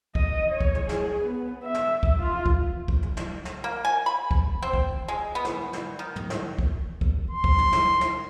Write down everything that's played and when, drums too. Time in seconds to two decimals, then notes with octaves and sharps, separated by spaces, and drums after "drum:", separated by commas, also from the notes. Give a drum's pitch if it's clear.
0.15 D#5, drum: kick
0.52 C#5
0.61 drum: kick
0.75 drum: tom
0.89 G#4, drum: snare
1.21 B3
1.64 E5
1.74 drum: snare
2.03 drum: kick
2.20 F4
2.46 drum: kick
2.88 drum: kick
3.03 drum: tom
3.17 drum: snare
3.45 drum: snare
3.64 A#3
3.85 G#5
4.06 B5
4.31 drum: kick
4.62 C4
4.73 drum: kick
5.08 G#3
5.35 B3
5.45 drum: snare
5.73 drum: snare
5.99 D#3
6.16 drum: tom
6.30 drum: snare
6.59 drum: kick
7.01 drum: kick
7.31 C6
7.44 drum: kick
7.58 drum: tom
7.72 drum: snare
8.01 drum: snare